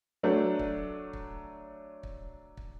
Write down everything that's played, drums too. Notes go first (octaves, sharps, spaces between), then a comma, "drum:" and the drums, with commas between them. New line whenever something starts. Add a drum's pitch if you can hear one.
F#3 A3 D4
drum: kick
drum: kick
drum: kick
drum: kick